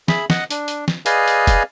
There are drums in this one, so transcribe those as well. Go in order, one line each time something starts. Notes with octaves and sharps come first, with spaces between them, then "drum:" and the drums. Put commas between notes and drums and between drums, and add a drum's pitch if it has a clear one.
G#4 E5 B5, drum: snare
D#5 F#5, drum: snare
D4, drum: hi-hat
drum: hi-hat
drum: snare
G#4 B4 D5 D#5 F5 G#5, drum: hi-hat
drum: hi-hat
drum: kick, hi-hat